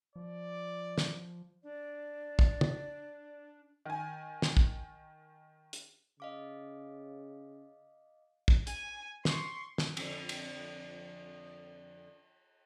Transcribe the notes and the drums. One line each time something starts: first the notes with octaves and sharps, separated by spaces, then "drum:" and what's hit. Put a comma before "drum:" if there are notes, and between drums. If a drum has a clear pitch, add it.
F3 D5
drum: snare
D4 D5
drum: kick
drum: tom
D#3 G#5
drum: snare
drum: kick
drum: hi-hat
C#3 D#5 F5 D6
drum: kick
G#5, drum: hi-hat
C6 C#6, drum: snare
drum: snare
F2 D3, drum: cymbal
drum: cymbal